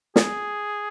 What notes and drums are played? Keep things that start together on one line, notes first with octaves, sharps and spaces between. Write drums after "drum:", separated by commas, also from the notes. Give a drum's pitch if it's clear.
G#4, drum: snare